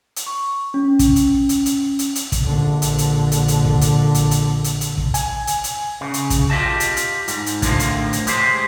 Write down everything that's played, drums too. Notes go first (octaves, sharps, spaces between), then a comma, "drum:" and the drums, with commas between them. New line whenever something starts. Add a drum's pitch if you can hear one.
drum: hi-hat
C#6
C#4
drum: kick, hi-hat
drum: hi-hat
drum: hi-hat
drum: hi-hat
drum: hi-hat
drum: hi-hat
drum: kick, hi-hat
A#1 D3
drum: hi-hat
drum: hi-hat
drum: hi-hat
drum: hi-hat
drum: kick
drum: hi-hat
drum: hi-hat
drum: hi-hat
drum: hi-hat
drum: hi-hat
drum: kick
G#5, drum: hi-hat
drum: hi-hat
drum: hi-hat
C#3
drum: hi-hat
drum: kick, hi-hat
F4 G4 D#5 A5
drum: hi-hat
drum: hi-hat
G#2, drum: hi-hat
drum: hi-hat
A2 D3 F3 A#3, drum: kick, hi-hat
drum: hi-hat
drum: hi-hat
G#3 G4 C5, drum: hi-hat